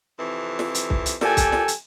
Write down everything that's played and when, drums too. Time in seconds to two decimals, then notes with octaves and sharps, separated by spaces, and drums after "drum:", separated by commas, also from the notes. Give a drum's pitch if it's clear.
0.18 F2 C3 E3
0.59 drum: snare
0.75 drum: hi-hat
0.90 drum: kick C2
1.06 drum: hi-hat
1.21 A#2 G4 A4 G#5, drum: snare
1.37 drum: kick C2, hi-hat
1.52 drum: snare
1.68 drum: hi-hat